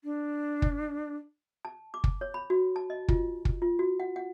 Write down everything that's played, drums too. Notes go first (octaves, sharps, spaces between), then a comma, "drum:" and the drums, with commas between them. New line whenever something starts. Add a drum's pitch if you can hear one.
D4
drum: kick
A5
D6
drum: kick
C#5
B5
F#4
A5
D#5
F4, drum: kick
drum: kick
F4
F#4
F#5
F#5